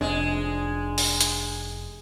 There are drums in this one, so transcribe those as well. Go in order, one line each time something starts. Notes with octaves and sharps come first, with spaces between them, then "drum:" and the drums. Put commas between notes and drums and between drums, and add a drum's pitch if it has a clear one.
F1 G#3 C4 D4
drum: open hi-hat
drum: hi-hat